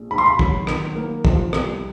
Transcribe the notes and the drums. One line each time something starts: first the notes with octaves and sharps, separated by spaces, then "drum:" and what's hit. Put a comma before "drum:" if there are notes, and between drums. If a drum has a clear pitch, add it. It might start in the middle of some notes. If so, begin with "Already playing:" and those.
Already playing: A#1
G#2 B5
C6
B5
F#3, drum: kick
D#3, drum: rim click
A#3
F3, drum: kick
C2, drum: rim click